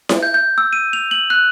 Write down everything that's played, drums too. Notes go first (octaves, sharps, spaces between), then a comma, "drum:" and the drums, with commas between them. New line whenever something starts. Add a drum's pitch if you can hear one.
drum: snare E4
G6
G6
E6
D#7
F7
F#7
F#6